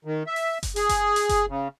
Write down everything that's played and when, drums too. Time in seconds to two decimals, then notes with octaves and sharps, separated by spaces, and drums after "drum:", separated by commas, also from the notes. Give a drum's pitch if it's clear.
0.05 D#3
0.27 E5
0.36 drum: open hi-hat
0.63 drum: kick F#1, hi-hat
0.76 G#4, drum: hi-hat
0.89 drum: kick F#1, hi-hat
1.16 drum: hi-hat
1.29 drum: kick F#1, hi-hat
1.49 C#3